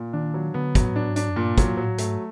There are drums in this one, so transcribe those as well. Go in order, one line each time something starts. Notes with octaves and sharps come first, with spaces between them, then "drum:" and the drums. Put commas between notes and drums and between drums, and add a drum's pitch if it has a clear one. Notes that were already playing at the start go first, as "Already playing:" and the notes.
Already playing: A#2
D#3 D4
F#3
D3 B3
F#3, drum: kick, hi-hat
A2
D4
G#2
D4, drum: hi-hat
F#2
G2 A#2
F#3, drum: kick, hi-hat
A2 F#3
G#2 A3, drum: hi-hat